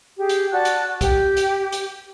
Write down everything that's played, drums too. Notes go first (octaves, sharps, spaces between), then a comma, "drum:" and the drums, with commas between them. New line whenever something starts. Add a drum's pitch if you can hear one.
G4 G#4
drum: hi-hat
F#4 D5 A5 F#6
drum: hi-hat
G4, drum: kick, hi-hat
drum: hi-hat
drum: hi-hat